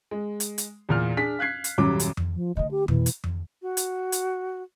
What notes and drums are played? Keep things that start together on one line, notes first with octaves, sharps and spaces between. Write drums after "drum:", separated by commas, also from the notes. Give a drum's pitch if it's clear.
G#3
drum: hi-hat
drum: hi-hat
E2 A#2 F6
D4 G#4 B6
F5 F#6 G#6 C7
drum: hi-hat
D#1 F#2 F#3 G3 D6
drum: hi-hat
drum: tom F2
F3
D3 A3 D#5
G4
B2 E3 A#3, drum: tom F2
drum: hi-hat
drum: tom F2
F#4
drum: hi-hat
drum: hi-hat